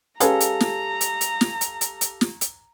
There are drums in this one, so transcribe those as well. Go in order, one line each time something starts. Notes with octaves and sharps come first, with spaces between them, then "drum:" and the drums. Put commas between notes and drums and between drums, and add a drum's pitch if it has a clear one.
G#3 C#4 G4 A4 B4 F5 A#5, drum: hi-hat
drum: hi-hat
drum: snare
drum: hi-hat
drum: hi-hat
drum: snare
drum: hi-hat
drum: hi-hat
drum: hi-hat
drum: snare
drum: hi-hat